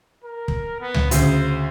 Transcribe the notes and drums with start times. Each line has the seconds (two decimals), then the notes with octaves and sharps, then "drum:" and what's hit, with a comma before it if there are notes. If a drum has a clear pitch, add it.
0.24 A#4
0.48 drum: kick
0.81 B3
0.94 drum: tom C#2
1.11 D2 C#3 C5, drum: hi-hat